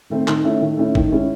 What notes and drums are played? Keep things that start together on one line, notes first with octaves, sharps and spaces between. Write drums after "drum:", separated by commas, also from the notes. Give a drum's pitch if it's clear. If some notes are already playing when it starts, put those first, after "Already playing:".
D#3 A3 C4
D#3, drum: clap
A3 C#4 E4
D#3
A3 C#4 E4
D#3, drum: kick G1
G#3 C#4 E4